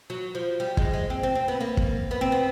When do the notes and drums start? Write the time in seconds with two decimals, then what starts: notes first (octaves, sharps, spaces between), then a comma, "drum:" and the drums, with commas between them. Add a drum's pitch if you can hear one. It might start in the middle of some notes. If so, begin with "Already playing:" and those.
0.10 F#3
0.35 F3
0.60 G3
0.77 G#3, drum: kick
0.94 G#3
1.10 C4
1.23 C4
1.35 C4
1.48 B3
1.61 A#3
1.77 drum: kick
2.11 B3
2.21 C4
2.32 B3